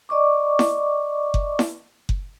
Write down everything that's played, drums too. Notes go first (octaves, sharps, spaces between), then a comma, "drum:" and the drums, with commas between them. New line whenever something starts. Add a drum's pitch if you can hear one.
D5 D#5 C#6 D6
drum: snare E4
drum: kick F#1
drum: snare E4
drum: kick F#1